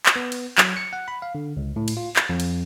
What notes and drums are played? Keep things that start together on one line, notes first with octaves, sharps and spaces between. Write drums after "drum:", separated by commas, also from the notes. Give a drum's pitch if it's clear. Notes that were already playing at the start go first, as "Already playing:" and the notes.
drum: clap
B3
drum: cymbal
F#3, drum: clap
C#7
F#5
B5
F5
D3
C#2
A2
drum: cymbal
F4
A6, drum: clap
F2
drum: cymbal